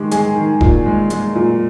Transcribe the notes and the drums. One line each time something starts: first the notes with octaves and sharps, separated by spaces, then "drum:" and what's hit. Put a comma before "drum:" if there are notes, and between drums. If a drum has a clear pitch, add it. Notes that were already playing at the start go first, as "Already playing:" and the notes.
Already playing: D#3 G#3 G4
G#3 G#4, drum: hi-hat
D#3
A#2, drum: kick E1
G#3
G#3, drum: hi-hat
A#2